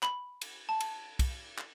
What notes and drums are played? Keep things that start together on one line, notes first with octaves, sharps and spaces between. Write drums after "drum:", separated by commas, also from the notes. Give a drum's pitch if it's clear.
B5, drum: clap
drum: cymbal
A5
drum: cymbal
drum: kick, cymbal
drum: clap